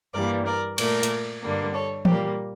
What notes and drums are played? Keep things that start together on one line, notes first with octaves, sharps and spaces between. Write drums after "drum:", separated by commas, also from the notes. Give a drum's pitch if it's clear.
G2 E3 G3 A#3 A#4 D5
A#4 D5
A#2 A3 A#4 D5, drum: cymbal
drum: hi-hat
G2 D3 G3 A#3
A4 C#5
A#2 G3 A#3 G4, drum: tom E3